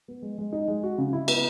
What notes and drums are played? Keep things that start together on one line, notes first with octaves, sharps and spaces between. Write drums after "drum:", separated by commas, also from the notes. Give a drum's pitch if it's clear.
B3
G#3
G#3
D#4
G#3
F#4
C#3
E4
B3, drum: cymbal